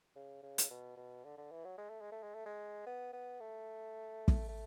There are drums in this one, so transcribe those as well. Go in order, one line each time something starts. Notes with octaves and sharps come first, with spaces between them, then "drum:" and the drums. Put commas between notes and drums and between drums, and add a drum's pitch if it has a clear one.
C#3
C#3
drum: hi-hat
B2
B2
D3
D3
E3
F#3
G#3
A3
G#3
A3
G#3
A3
G#3
B3
B3
A3
drum: kick
A3